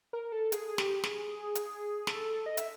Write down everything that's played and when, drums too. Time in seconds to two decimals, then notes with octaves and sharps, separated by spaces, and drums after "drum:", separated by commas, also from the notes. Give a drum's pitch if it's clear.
0.13 A#4
0.32 A4
0.52 G#4, drum: hi-hat
0.78 G4, drum: snare
1.04 G#4, drum: snare
1.55 drum: hi-hat
2.07 A4, drum: snare
2.46 D#5
2.57 E5, drum: hi-hat